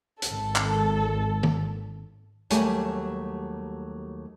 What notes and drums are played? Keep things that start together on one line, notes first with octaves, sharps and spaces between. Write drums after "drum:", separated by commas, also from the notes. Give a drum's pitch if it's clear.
G#1 A4, drum: hi-hat
drum: clap
drum: tom D#3
D#2 F#3 G3 A3 G#5, drum: hi-hat